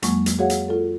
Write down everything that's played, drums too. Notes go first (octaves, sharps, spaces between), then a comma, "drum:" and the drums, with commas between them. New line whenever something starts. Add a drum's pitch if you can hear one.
F2 F#3 G#3 A#3 C#6, drum: hi-hat
drum: hi-hat
F#4 G#4 C#5 F5 F#5
drum: hi-hat
F4 A4